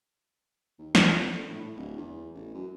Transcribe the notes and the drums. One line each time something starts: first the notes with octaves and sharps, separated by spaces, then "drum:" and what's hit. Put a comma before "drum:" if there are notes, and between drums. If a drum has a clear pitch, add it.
D#2
B1, drum: snare
F2
D3
A2
A2
D1
E2
A1
F#2